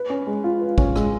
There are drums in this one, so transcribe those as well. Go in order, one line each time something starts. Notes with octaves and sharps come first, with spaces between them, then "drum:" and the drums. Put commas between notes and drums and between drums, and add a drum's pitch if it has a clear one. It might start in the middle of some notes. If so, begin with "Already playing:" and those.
Already playing: B4
C#4
G#3
F4
B4
C#4, drum: kick
G#3, drum: rim click